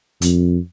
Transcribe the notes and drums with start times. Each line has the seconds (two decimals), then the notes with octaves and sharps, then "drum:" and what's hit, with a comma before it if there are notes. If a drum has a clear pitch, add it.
0.22 F2, drum: hi-hat